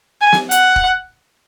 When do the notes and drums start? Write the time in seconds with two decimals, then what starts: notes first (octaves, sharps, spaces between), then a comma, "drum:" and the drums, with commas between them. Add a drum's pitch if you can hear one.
0.21 G#5
0.32 drum: snare
0.51 F#5, drum: hi-hat
0.76 drum: kick